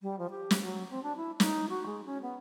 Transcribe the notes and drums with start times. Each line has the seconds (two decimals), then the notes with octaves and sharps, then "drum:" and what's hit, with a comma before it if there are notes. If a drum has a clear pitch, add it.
0.01 G3
0.18 F3
0.30 G4
0.51 drum: snare
0.62 F#3
0.90 C4
1.03 D4
1.16 E4
1.40 D#4, drum: snare
1.69 F#4
1.86 G#3
2.05 C#4
2.22 B3